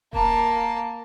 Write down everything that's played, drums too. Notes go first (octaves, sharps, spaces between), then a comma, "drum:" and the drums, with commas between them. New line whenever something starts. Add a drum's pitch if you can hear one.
A#3 A5, drum: kick D#1